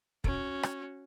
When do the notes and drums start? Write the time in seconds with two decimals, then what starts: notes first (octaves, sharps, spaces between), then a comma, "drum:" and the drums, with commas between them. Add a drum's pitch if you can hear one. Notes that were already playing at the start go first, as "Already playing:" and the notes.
0.24 C#4 F#4, drum: kick
0.63 drum: rim click